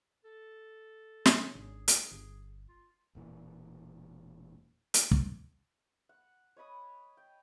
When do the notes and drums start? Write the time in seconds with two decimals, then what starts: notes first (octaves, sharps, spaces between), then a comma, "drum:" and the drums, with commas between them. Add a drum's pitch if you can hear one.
0.25 A4
1.25 C3 C#4 D4 D#6, drum: snare
1.55 G#1 G#4
1.88 G#4, drum: hi-hat
2.11 G1
2.69 F4
3.15 E1 A#2 E3
4.94 drum: hi-hat
5.11 drum: kick
6.09 F#5
6.57 C#5 D#5 B5 D#6
7.17 G5